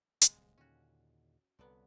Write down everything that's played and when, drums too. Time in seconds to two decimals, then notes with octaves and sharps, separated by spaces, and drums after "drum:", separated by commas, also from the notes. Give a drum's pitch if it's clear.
0.21 D1 C2 G#3, drum: hi-hat
0.58 D#2 A#2 D3 C#4 F#4
1.59 C2 D3 F#3 B3